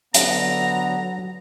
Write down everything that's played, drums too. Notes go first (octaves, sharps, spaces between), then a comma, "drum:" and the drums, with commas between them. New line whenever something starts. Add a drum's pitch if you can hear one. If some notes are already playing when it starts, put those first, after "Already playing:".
D3 F#3 B3 A#5, drum: hi-hat